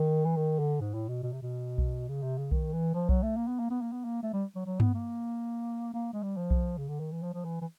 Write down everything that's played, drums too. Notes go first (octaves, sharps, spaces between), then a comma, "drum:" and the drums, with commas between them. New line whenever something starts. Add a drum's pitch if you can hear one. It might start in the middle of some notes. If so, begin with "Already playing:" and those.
Already playing: D#3
E3
D#3
D3
G#2
A2
B2
B2
C3
B2
drum: kick B1
C#3
C3
C#3
D#3, drum: kick B1
E3
F3
F#3, drum: kick B1
A3
A#3
B3
A#3
B3
A#3
B3
A#3
A3
G3
F#3
F#3
B3, drum: tom G2
A#3
A#3
G#3
G3
F3
drum: kick B1
C#3
D3
D#3
E3
F3
F3
E3
E3